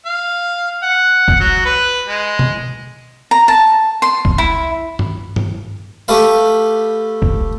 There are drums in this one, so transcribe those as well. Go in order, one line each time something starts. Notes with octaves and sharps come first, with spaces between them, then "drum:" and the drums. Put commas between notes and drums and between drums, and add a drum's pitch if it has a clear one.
F5
F#5
drum: kick B1
F#3
B4
G#3
drum: tom B2
A#5
A5
C6
drum: kick B1
E4
drum: tom G2
drum: tom G2
A3 G4 B4 F5
drum: kick B1